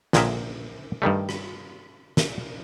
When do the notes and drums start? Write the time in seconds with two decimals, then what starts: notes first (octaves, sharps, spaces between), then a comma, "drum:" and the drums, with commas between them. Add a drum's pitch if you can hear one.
0.13 A#1 A#2 D3 G#4 A#4 E5, drum: snare
1.02 G2 D#3 G3 A3
1.29 drum: rim click
2.17 drum: snare